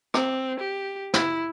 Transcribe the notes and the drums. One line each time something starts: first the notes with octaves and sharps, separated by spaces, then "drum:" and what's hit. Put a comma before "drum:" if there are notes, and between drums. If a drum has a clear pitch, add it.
C4, drum: rim click
G4
E4, drum: snare